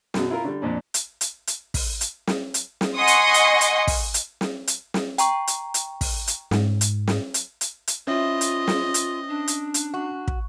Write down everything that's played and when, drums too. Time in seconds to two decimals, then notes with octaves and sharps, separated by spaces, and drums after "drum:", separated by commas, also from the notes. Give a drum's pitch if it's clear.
0.14 F#2 B2, drum: snare
0.31 E4 F4 A#4
0.44 D3 G3
0.62 F2 A#2 D4
0.94 drum: hi-hat
1.21 drum: hi-hat
1.47 drum: hi-hat
1.74 drum: kick, open hi-hat
2.01 drum: hi-hat
2.27 drum: snare
2.54 drum: hi-hat
2.81 drum: snare
2.96 D#5 F#5 G#5 C6 C#6 D#6
3.07 drum: hi-hat
3.34 drum: hi-hat
3.61 drum: hi-hat
3.87 drum: kick, open hi-hat
4.14 drum: hi-hat
4.41 drum: snare
4.67 drum: hi-hat
4.94 drum: snare
5.18 G5 A#5 C#6, drum: hi-hat
5.47 drum: hi-hat
5.74 drum: hi-hat
6.01 drum: kick, open hi-hat
6.27 drum: hi-hat
6.51 G#2, drum: snare
6.81 drum: hi-hat
7.07 drum: snare
7.34 drum: hi-hat
7.61 drum: hi-hat
7.87 drum: hi-hat
8.08 C4 C#4 E4 F4 D#5
8.41 drum: hi-hat
8.68 drum: snare
8.94 drum: hi-hat
9.28 D4
9.48 drum: hi-hat
9.74 drum: hi-hat
9.94 F#4
10.28 drum: kick